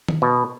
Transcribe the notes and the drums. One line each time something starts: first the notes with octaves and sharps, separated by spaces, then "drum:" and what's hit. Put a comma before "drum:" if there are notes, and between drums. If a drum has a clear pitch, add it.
drum: tom D#3
B2